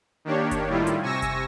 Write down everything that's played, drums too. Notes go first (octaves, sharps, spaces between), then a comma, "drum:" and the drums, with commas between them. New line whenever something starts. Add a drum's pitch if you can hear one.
D#3 A#3 D4 G4 C#5
drum: kick F#1, hi-hat
A2 D#3 G3 E4 F4
drum: hi-hat
C3 G#5 C#6 E6 A#6
drum: kick F#1, hi-hat